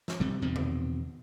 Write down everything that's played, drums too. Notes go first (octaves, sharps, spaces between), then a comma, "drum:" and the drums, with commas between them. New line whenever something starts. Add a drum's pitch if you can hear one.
drum: snare
C3 G3
E2 B2 D#3 C4
drum: tom C3